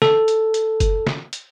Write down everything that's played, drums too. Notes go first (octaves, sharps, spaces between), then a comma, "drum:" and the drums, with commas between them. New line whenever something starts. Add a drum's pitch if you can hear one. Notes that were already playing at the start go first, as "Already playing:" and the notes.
A4, drum: snare
drum: hi-hat
drum: hi-hat
drum: kick F#1, hi-hat
drum: snare
drum: hi-hat